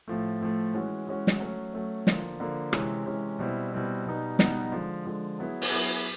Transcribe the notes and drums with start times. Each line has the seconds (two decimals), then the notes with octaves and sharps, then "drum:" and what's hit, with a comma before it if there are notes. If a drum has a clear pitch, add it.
0.08 A2 F3 A3
0.40 A2 F3 A3
0.74 E3 G#3 C#4 F#4
1.07 E3 G#3 C#4 F#4
1.27 drum: snare
1.40 F#3 A3 C#4
1.74 F#3 A3 C#4
2.07 D3 F3 A#3, drum: snare
2.40 D3 F3 A#3
2.73 C3 E3 G#3 C#4, drum: rim click
3.06 C3 E3 G#3 C#4
3.39 B2 G3 C4 E4
3.72 B2 G3 C4 E4
4.06 B2 G3 B3 D#4
4.39 B2 G3 B3 D#4, drum: snare
4.72 D3 F3 G#3
5.05 D3 F3 G#3
5.39 F#3 B3 E4 G#4
5.62 drum: open hi-hat
5.72 F#3 B3 E4 G#4